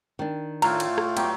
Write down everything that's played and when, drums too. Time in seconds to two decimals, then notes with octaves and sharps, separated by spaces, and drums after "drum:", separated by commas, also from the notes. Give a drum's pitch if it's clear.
0.19 D#3 D4
0.62 A2 A3 F4 F5 A#5, drum: cymbal
0.80 drum: cymbal
0.98 drum: rim click
1.17 F#3 B3 G4 G5, drum: cymbal